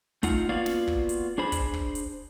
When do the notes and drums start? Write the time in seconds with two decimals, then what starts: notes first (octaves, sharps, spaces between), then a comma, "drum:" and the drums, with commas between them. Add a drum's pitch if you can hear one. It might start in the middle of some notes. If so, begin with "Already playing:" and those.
0.23 A3 D#4 F4 F#5, drum: kick, hi-hat
0.49 A#3 B3 F4 F#4 D5 F5
0.66 drum: snare
0.87 drum: kick
1.09 drum: hi-hat
1.38 D4 G#4 C5 B5
1.52 drum: kick, hi-hat
1.74 drum: kick
1.95 drum: hi-hat